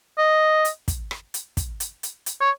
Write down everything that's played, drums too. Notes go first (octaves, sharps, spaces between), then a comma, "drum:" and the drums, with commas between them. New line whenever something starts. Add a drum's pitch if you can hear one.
D#5
drum: hi-hat
drum: kick, hi-hat
drum: rim click
drum: hi-hat
drum: kick, hi-hat
drum: hi-hat
drum: hi-hat
drum: hi-hat
C#5